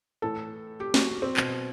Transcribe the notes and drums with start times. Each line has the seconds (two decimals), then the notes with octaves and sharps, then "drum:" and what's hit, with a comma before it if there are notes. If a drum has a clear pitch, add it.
0.22 A2 E3 A4
0.80 G4
0.94 F#4, drum: snare
1.22 C4
1.37 B2, drum: clap